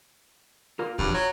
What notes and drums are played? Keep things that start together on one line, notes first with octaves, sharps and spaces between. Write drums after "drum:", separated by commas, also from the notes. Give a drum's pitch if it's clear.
F4 A#4
E2 G2 F3 F#3, drum: kick
F#3 C#5